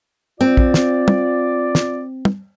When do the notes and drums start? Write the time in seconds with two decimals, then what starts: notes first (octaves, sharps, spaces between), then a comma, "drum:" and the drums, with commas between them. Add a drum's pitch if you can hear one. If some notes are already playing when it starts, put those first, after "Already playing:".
0.41 C4 F4 D5
0.57 drum: kick
0.74 drum: snare
1.08 drum: tom
1.75 drum: snare
2.25 drum: tom